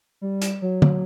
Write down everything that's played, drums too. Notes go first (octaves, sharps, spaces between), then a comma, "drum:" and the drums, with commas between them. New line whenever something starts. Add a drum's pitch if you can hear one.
G3
drum: hi-hat
F#3
drum: tom